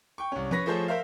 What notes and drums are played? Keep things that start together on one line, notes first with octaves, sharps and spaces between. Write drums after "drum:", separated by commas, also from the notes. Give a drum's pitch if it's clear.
G5 C#6
C2 C#4
C#4 B4 C#6 A#6 B6, drum: tom F3
F3 A3 G#4 A4 C5 C#5
A#4 C5 E5 F5